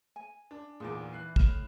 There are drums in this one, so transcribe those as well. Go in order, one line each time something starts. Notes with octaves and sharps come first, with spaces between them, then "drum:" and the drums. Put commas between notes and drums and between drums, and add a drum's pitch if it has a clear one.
G#5
D4
B1 E2 A#2 G#4 D5
E3 F#6 C7
A2 F6 E7, drum: kick